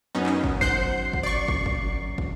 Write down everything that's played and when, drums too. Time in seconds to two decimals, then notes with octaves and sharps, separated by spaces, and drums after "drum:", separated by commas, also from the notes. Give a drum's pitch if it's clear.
0.15 F#2 B3 C#4 D#4
0.26 drum: clap
0.44 drum: kick
0.61 C5 F#5 G6 C7, drum: kick
1.13 drum: kick
1.23 D5 C#6
1.48 drum: kick
1.66 drum: kick
2.18 drum: kick